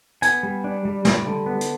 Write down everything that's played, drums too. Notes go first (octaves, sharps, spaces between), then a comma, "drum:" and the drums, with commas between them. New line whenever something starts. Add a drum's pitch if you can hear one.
B3 G#5, drum: hi-hat
G3
D4
G3
G3, drum: snare
D3
B3
drum: hi-hat